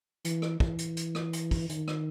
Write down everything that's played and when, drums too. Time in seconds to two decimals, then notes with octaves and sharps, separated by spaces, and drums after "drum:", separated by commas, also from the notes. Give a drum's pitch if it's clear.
0.25 E3, drum: hi-hat
0.42 drum: rim click
0.60 E3, drum: kick
0.79 drum: hi-hat
0.97 drum: hi-hat
1.15 drum: rim click
1.33 drum: hi-hat
1.51 drum: kick, open hi-hat
1.69 D#3, drum: hi-hat
1.88 drum: rim click